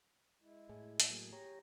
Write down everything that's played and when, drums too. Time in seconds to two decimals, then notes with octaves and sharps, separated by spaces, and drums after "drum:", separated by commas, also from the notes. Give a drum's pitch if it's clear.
0.41 G#3 E4
0.69 A2 G#4
1.00 drum: hi-hat
1.10 F#3 A#3 G#4 G#5
1.32 G4 C#5 A#5